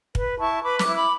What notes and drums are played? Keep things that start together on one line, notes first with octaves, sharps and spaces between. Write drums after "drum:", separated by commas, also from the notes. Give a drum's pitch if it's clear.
B4, drum: kick
E4 A5 C#6
B4 B5 D6
D6 F#6, drum: snare
E4
B5 D6